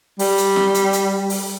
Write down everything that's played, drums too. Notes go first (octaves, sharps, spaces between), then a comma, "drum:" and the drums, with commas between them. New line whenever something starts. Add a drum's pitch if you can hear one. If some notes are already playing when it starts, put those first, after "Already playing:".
G3, drum: open hi-hat
drum: hi-hat
drum: snare
drum: hi-hat
drum: hi-hat
drum: open hi-hat